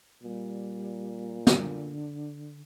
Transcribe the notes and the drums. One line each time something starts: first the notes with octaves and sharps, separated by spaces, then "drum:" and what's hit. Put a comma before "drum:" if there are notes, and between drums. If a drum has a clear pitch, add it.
A#2 G3
D3, drum: snare